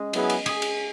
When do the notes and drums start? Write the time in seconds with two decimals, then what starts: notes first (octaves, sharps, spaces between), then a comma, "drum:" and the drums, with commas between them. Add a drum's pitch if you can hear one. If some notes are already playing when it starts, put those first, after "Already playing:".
Already playing: G#3 C#4
0.13 F#3 B3 E4 G#4, drum: cymbal
0.30 drum: cymbal
0.46 G#4, drum: cymbal
0.62 drum: cymbal